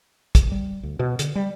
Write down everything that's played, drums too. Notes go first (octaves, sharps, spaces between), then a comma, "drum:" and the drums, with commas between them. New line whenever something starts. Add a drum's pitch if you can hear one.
drum: kick, hi-hat
G3
D2
B2
D3, drum: hi-hat
G3